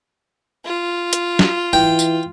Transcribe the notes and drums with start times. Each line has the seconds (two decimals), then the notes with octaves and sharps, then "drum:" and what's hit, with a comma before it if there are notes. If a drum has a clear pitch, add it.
0.65 F4
1.13 drum: hi-hat
1.39 drum: snare
1.73 E3 G5
1.99 drum: tambourine